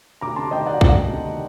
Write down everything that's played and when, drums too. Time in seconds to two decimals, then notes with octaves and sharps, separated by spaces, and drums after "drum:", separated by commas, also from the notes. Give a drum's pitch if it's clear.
0.21 D2 A#5 D6
0.36 C3 A5 C6
0.51 D#3 D#5 G5
0.66 D2 D5 F#5
0.81 D2 D5 F#5, drum: kick B1
0.97 D2
1.12 C3
1.27 D#3